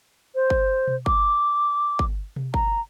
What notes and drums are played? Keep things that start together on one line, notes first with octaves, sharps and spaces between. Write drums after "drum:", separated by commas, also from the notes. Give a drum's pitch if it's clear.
C5
drum: kick G1
drum: tom B2
D6, drum: kick G1
drum: kick G1
drum: tom B2
A#5, drum: kick G1